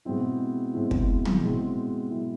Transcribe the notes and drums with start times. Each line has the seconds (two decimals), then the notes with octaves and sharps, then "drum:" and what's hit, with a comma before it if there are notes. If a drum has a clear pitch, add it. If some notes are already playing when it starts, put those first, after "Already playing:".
0.05 B2 G#3 C4 E4
0.74 B2 G#3 C4 E4
0.91 drum: kick
1.25 drum: tom
1.42 B2 G#3 C4 E4
2.11 B2 G#3 C4 E4